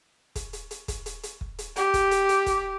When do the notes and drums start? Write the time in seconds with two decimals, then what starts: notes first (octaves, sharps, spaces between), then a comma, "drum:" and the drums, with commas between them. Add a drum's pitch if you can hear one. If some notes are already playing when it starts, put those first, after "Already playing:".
0.35 drum: kick, hi-hat
0.53 drum: hi-hat
0.71 drum: hi-hat
0.88 drum: kick, hi-hat
1.06 drum: hi-hat
1.23 drum: hi-hat
1.41 drum: kick
1.59 drum: hi-hat
1.76 G4, drum: hi-hat
1.94 drum: kick, hi-hat
2.11 drum: hi-hat
2.29 drum: hi-hat
2.46 drum: kick, hi-hat